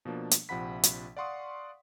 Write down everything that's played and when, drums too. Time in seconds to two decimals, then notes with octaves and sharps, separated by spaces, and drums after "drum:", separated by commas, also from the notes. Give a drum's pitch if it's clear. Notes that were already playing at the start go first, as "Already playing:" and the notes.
0.05 B2 F3 A#3 D4
0.31 drum: hi-hat
0.49 A#1 C3 F3 F#5 B5 B6
0.83 drum: hi-hat
1.17 D5 F5 F#5 C6 C#6 D#6